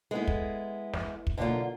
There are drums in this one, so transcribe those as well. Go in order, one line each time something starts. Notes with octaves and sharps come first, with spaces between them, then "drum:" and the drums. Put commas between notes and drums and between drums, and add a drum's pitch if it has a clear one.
G#3 B3 E4
drum: kick
drum: snare
drum: kick
B2 D3 F#3 A#3 F4